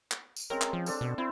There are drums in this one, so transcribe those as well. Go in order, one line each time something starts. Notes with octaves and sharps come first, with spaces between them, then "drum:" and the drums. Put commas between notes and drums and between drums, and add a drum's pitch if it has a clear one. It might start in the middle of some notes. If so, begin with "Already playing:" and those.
drum: clap
drum: tambourine
G#3 C4 C#4 A#4
drum: clap
F3
D4 A4 C5, drum: tambourine
B2
C4 E4 C6